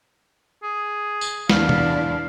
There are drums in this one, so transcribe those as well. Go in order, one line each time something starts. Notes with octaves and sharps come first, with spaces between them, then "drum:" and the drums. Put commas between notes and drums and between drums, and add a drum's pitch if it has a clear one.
G#4
drum: tambourine
E2 D4 F5, drum: snare
drum: tom B2